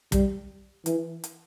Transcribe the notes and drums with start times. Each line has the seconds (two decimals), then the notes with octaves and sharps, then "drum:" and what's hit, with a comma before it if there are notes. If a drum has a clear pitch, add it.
0.12 G3, drum: kick, hi-hat
0.86 E3, drum: hi-hat
1.24 drum: hi-hat